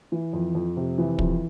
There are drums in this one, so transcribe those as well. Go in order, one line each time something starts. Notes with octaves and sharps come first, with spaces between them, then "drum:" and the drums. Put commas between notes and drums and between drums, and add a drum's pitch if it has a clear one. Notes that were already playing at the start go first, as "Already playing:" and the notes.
E3
F2
F2
C3
E3
F2, drum: kick